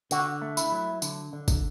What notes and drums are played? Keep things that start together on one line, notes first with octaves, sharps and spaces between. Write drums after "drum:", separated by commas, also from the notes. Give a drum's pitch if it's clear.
D3 F#4, drum: tambourine
A3
E4, drum: tambourine
F#3
D3, drum: tambourine
D3
drum: kick, tambourine